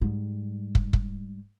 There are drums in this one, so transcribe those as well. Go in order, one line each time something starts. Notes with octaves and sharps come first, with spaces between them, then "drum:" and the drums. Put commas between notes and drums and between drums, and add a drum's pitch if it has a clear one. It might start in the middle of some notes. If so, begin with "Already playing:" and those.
G#2 G3
drum: kick
drum: kick